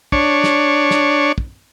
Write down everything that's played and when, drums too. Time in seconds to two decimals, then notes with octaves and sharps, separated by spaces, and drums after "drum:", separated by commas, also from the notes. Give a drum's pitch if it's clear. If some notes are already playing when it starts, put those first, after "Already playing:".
0.12 D4 C#5, drum: kick
0.44 drum: snare
0.91 drum: snare
1.38 drum: kick